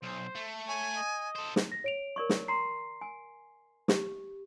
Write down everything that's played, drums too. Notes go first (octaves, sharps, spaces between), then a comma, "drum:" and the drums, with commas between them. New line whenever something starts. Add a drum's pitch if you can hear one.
B1 C5
A3
C#5 G#5
D#5
A4 C5
drum: snare
A#6
C#5 D7 F7
A#4 D5 C#6
drum: snare
A#5 C6 C7
G#5
G4, drum: snare